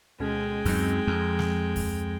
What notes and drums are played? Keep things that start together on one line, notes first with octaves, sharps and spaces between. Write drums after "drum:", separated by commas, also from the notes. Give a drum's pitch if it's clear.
D2 B2 G#3 C#4 G5
F#2 F#3 C4 D#4, drum: kick D2, open hi-hat
F2 F3
drum: snare
drum: kick D2, open hi-hat